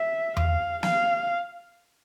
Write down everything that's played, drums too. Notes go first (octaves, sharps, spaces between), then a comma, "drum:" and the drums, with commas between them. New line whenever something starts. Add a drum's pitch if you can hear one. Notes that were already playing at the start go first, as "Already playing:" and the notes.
Already playing: E5
F5, drum: tom E2
F5, drum: snare